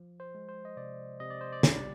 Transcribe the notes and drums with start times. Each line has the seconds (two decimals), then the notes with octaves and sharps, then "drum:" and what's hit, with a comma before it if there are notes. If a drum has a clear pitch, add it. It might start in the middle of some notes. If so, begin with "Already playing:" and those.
Already playing: F3
0.20 C5
0.35 G#3
0.49 C5
0.65 D#5
0.77 C3 D5
1.20 C3 D#5
1.30 D5
1.41 C5
1.53 D5
1.63 G3, drum: snare